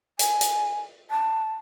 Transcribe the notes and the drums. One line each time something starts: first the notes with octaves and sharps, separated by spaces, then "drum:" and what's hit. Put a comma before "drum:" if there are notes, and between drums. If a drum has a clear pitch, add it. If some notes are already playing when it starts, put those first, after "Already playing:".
G#5, drum: hi-hat
drum: hi-hat
A5